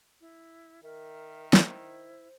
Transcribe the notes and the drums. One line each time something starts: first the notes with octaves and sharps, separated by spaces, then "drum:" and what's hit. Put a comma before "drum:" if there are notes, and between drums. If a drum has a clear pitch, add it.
E4
D#3 A#4 E5
drum: snare
E4 C5